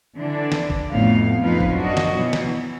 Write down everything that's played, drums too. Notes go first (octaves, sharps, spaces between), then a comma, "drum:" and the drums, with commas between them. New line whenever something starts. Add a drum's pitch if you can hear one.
D3 E3 D4
drum: snare
drum: kick
F2 A2 B3 F5
F2 F3 D#4 B4 F5
drum: kick
F#2 D4 F#4 D#5
drum: snare
B2 E3 F#3
drum: snare
E3